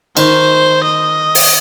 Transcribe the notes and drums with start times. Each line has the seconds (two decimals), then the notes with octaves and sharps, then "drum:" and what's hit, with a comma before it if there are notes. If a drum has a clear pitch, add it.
0.17 D#3 C5, drum: cymbal
0.84 D#5
1.35 drum: open hi-hat